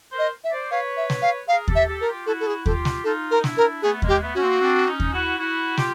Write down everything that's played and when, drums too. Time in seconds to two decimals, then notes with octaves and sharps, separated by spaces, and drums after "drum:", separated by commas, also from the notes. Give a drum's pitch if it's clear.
0.12 A#4 C5
0.19 D#5
0.44 E5
0.51 C5 D5
0.70 B4 C#5 F5
0.97 E5
1.10 drum: snare
1.22 F5
1.48 G#4 A#4 F5
1.68 G4 A4, drum: kick D#2
1.75 E5
1.87 G4 A4
2.01 A#4
2.07 F4 G4
2.26 E4 F#4 A4
2.40 A4
2.47 G#4
2.66 F4 G4 A4, drum: kick D#2
2.85 drum: snare
3.04 D#4 F4 A4
3.31 A#4
3.39 D#4
3.44 D4 E4, drum: snare
3.57 A#4
3.82 A3 B3 G#4
4.02 G#3 A#3, drum: kick D#2
4.08 G4
4.21 A3 B3
4.35 C#4 F#4
4.41 A#3 C4
4.60 C4 D4
4.86 C#4 D#4
5.00 drum: kick D#2
5.13 E4 F#4
5.38 E4 F#4
5.77 F4 G4, drum: snare